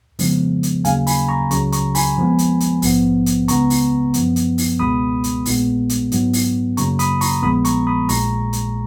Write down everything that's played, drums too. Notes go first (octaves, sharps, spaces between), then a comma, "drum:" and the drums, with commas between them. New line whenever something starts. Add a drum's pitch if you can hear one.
F2 C#3 F3 G#3 B3, drum: open hi-hat
drum: hi-hat
D#2 C#3 F#3 A#3 F5 G#5, drum: hi-hat
G#5 B5, drum: open hi-hat
A#5 C#6
C#2 C#3 F#3 A#5 C#6, drum: hi-hat
A#5 C#6, drum: hi-hat
G#5 B5, drum: open hi-hat
F2 F3 G#3 B3
drum: hi-hat
drum: hi-hat
A#1 G#2 F3 B3, drum: open hi-hat
drum: hi-hat
C#2 C#3 G#3 B3 A#5 C#6, drum: hi-hat
drum: open hi-hat
F#2 F3 B3, drum: hi-hat
drum: hi-hat
drum: open hi-hat
C#2 B2 G#3 B3 B5 D#6
drum: hi-hat
A#1 A#2 G#3 B3, drum: open hi-hat
drum: hi-hat
G#2 F#3 B3, drum: hi-hat
drum: open hi-hat
F#2 C#3 F#3 A#3 A#5 C#6, drum: hi-hat
B5 D#6, drum: hi-hat
A#5 C#6, drum: open hi-hat
A#1 A#2 F3 G#3 B3 B5 D#6
A#5 C#6, drum: hi-hat
B5 D#6
A#1 A#2 G#3 A#5 C#6, drum: open hi-hat
drum: hi-hat